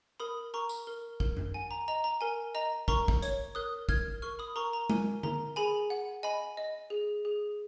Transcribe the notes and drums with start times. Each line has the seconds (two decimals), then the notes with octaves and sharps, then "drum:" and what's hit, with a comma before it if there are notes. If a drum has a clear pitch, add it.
0.20 A#4 B5 D#6
0.54 A#4 A#5 C#6
0.69 drum: tambourine
0.87 A#4
1.20 A#4, drum: kick
1.37 drum: tom F#2
1.54 F#5 G#5
1.71 A#5
1.88 D#5 A#5
2.04 A#5
2.21 A#4 G#5
2.55 D#5 A#5
2.88 A#4 A#5 C#6, drum: kick
3.08 drum: kick
3.22 C#5, drum: hi-hat
3.55 A#4 D#6 F#6
3.89 A#4 F6 G#6, drum: kick
4.22 A#4 C#6 F6
4.39 B5 D#6
4.56 A#4 A#5 C#6
4.73 A#5
4.90 A#4 G#5, drum: tom G#3
5.23 A#4 A#5, drum: tom D3
5.56 G#4 G#5 B5
5.90 F#5
6.23 D#5 G#5 B5
6.57 D#5
6.90 G#4
7.25 G#4